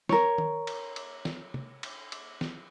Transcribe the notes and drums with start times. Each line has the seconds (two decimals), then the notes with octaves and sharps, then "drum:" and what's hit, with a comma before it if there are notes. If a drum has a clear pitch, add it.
0.09 A#4 C#5, drum: snare
0.38 drum: tom
0.67 drum: cymbal
0.96 drum: cymbal
1.25 drum: snare
1.54 drum: tom
1.83 drum: cymbal
2.12 drum: cymbal
2.41 drum: snare